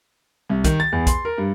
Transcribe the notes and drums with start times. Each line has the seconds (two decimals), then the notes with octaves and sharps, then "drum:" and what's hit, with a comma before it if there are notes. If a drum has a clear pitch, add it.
0.49 C2
0.64 D#3, drum: kick, hi-hat
0.80 A6
0.92 E2
1.07 C6, drum: kick, hi-hat
1.25 A#4
1.38 G2